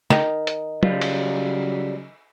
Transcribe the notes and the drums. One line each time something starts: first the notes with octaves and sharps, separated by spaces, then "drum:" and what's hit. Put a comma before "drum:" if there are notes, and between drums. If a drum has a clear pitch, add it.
D#3, drum: snare
drum: hi-hat
C#3 F#3 G3 F4, drum: tom
drum: cymbal